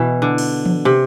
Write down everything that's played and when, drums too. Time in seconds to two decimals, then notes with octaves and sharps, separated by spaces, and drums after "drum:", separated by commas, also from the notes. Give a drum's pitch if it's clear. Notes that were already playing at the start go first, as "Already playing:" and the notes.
Already playing: B2 E3
0.22 D3
0.38 drum: cymbal
0.65 drum: tom E3
0.85 C3